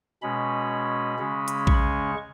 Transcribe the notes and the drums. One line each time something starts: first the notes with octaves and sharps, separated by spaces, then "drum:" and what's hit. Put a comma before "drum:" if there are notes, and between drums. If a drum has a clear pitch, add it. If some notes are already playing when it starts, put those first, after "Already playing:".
B2 G#3 C#4 B5
C#3 G#3 C#4
drum: hi-hat
C#6, drum: kick A#1